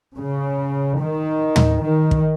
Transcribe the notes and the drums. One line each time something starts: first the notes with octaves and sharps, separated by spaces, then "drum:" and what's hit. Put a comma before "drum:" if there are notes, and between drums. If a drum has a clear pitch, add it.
C#3
D#3
drum: tom
D#3
drum: kick